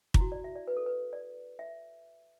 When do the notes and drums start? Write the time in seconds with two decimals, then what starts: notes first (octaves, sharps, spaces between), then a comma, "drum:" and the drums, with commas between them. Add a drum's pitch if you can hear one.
0.14 E4, drum: kick
0.21 F#4
0.32 D5
0.44 E5
0.55 D5
0.67 B4
0.77 A4
0.86 B4
1.13 D5
1.59 E5